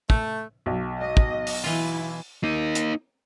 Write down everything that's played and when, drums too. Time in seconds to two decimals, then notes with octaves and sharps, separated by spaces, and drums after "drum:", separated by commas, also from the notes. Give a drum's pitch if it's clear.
0.10 A3, drum: kick
0.66 B1
1.01 D#5
1.17 drum: kick
1.47 drum: open hi-hat
1.64 E3 E4 F4
2.43 A#3 D#4
2.75 drum: hi-hat